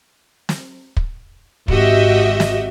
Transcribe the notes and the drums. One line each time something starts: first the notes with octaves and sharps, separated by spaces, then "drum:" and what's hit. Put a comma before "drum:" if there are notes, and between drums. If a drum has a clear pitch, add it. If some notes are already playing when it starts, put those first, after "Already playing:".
drum: snare
drum: kick
G#1 F#4 G4 D#5 E5, drum: kick
drum: snare